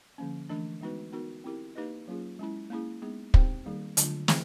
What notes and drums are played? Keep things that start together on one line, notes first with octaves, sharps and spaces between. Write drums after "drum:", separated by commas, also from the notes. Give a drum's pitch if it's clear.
D3 F3 A#3 C#4
E3 A3 D4
G#3 B3 D#4 F#4 B4
B3 D#4 F#4 A#4
C4 E4 G4 A#4
A#3 D#4 G4 B4 D#5
F#3 A#3 C#4 F4 G#4
G#3 C#4 E4
A#3 C#4 E4 G#4
G#3 B3 D#4 G#4
C4 D#4 G4 C5, drum: kick
D#3 G3 A#3 D#4 G#4
D3 F#3 A3 D4 F4, drum: hi-hat
E3 A3 C4 E4 G#4, drum: snare